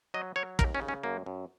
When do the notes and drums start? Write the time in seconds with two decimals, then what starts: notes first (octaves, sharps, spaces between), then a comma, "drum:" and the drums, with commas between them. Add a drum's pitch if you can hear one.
0.14 F#3 D#5
0.36 F#3 C#5
0.59 D#2 A#4, drum: kick
0.75 C#4
0.82 C#3
0.88 C#4
1.04 F#2 A#3
1.26 F#2